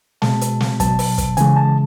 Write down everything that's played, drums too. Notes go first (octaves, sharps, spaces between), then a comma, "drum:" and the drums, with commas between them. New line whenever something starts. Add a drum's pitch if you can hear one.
B2 G#3 A5, drum: snare
drum: hi-hat
drum: snare
B2 F#3 A5, drum: kick, hi-hat
drum: open hi-hat
drum: kick, hi-hat
C#3 E3 G#3 G#5, drum: hi-hat
A5